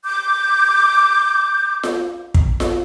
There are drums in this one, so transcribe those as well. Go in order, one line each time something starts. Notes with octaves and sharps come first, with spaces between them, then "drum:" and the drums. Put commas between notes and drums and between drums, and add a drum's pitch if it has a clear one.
D6 G6
drum: snare F4
drum: kick
drum: snare F4